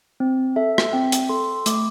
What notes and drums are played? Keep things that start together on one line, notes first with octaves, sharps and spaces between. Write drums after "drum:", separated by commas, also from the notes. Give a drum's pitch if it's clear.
C4
A4 E5
drum: rim click
C4 G5
drum: hi-hat
A4 C6
A3 D6, drum: hi-hat